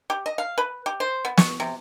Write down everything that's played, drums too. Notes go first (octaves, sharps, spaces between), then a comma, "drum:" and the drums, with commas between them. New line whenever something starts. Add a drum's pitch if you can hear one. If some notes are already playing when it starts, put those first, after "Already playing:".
G4
D#5
F5
B4
G4
C5
B3
C#6, drum: snare
C3